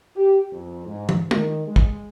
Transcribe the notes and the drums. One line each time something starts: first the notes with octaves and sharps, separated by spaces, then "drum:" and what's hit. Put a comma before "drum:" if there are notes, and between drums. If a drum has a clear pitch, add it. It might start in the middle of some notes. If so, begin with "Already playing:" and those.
G4
F2
G#2
drum: tom
D#3, drum: tom
G#3
drum: kick